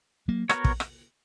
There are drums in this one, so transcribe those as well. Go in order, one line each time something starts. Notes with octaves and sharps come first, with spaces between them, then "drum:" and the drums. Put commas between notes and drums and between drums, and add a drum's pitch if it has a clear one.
F#3 A#3
B3 F#4 A#4 C#5, drum: rim click
drum: kick
drum: rim click